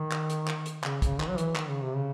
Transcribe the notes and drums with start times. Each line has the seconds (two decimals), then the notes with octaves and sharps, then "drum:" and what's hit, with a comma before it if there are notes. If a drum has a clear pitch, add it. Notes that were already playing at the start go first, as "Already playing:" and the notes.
Already playing: D#3
0.12 drum: clap
0.30 drum: hi-hat
0.48 drum: clap
0.66 drum: hi-hat
0.84 C#3, drum: clap
1.02 C#3, drum: kick, hi-hat
1.20 D#3, drum: clap
1.30 F#3
1.38 E3, drum: hi-hat
1.56 D#3, drum: clap
1.69 C#3
1.82 C3
1.96 C#3